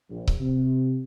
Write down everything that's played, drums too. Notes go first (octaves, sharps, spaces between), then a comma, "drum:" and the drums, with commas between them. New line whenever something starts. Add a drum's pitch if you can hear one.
A#1
drum: kick C#1
C3